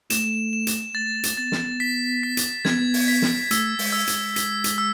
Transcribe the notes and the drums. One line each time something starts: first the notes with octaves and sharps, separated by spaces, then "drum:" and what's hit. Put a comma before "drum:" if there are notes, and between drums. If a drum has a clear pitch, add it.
A3 E7, drum: hi-hat
E7
drum: hi-hat
A3 A6
drum: hi-hat
B3 A6
drum: snare
B6
B6
drum: hi-hat
B3 G#6, drum: snare
drum: open hi-hat
B6
drum: snare
A3 E6, drum: hi-hat
G#3, drum: open hi-hat
E6
G#3, drum: hi-hat
B6, drum: hi-hat
drum: hi-hat
E6